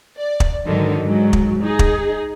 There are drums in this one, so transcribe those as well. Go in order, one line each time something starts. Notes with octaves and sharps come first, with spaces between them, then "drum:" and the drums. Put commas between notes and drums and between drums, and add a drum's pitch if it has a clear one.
D5
drum: kick
G#2 D3 D#3 F#3
G#2 F#3
drum: kick
D#4 G#4
drum: kick